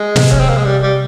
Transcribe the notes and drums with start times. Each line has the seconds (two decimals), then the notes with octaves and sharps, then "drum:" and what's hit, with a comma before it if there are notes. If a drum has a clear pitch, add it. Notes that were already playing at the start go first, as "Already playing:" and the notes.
Already playing: G#3
0.16 C3, drum: snare
0.32 C#4, drum: kick
0.41 C4
0.49 A#3
0.57 G#3
0.65 G3
0.83 G3